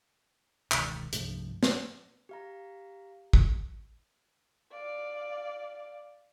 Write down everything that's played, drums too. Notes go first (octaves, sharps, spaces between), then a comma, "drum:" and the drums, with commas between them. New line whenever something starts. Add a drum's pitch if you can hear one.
E1 C#2 D#3, drum: clap
C2 G2 F3 A3, drum: hi-hat
drum: snare
G4 F5 A#5
drum: kick
D5 F5